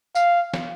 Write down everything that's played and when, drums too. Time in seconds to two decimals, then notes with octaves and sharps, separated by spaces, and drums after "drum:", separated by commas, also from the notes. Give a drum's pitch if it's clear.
0.15 F5, drum: tambourine
0.54 drum: snare